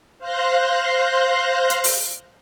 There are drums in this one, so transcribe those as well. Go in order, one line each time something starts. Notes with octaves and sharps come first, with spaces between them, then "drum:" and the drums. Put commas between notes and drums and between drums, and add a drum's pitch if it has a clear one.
C5 F5 C6 F#6 G6 A#6
drum: hi-hat
drum: open hi-hat